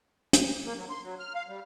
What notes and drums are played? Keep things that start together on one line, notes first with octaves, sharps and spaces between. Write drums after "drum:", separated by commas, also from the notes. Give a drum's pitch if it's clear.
drum: hi-hat
A#3
F#3
C6
F#3
F6
F5
G3